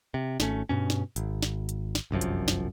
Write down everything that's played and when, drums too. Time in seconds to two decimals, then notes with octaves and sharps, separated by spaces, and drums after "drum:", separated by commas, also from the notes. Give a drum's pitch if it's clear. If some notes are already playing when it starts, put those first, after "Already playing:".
0.14 C3
0.40 G#1 A3 C#4, drum: snare
0.69 G2 B2 C#4
0.90 drum: snare
1.16 G#1, drum: hi-hat
1.42 drum: snare
1.69 drum: hi-hat
1.95 drum: snare
2.11 G1 C2 F#2 F3
2.21 drum: hi-hat
2.48 drum: snare